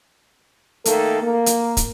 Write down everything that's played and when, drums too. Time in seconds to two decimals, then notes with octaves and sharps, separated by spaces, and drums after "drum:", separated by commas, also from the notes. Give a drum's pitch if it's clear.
0.85 D#3 A3 A#3 A4, drum: hi-hat
1.21 A#3
1.46 drum: hi-hat
1.77 drum: kick, hi-hat